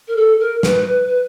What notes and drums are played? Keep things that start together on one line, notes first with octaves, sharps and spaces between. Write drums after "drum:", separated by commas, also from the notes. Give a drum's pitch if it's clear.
A#4
A4
A#4
B4, drum: snare
B4
B4